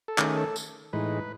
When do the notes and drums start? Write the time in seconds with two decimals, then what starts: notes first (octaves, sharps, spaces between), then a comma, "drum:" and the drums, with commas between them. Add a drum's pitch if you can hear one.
0.08 A4
0.18 D#3 A3 C#4 G#4, drum: clap
0.30 G#4
0.37 A4
0.56 drum: tambourine
0.93 A2 E3 G#3 D#4 B4